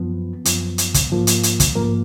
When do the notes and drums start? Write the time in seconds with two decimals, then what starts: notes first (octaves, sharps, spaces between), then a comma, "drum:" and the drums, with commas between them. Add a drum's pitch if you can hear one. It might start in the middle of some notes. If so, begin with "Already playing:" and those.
Already playing: F#2 F3 B3
0.45 F#2 F3 B3, drum: hi-hat
0.78 drum: hi-hat
0.94 drum: kick, hi-hat
1.10 G#2 F3 A#3
1.27 drum: hi-hat
1.43 drum: hi-hat
1.60 drum: kick, hi-hat
1.75 G#2 F3 A#3 A#4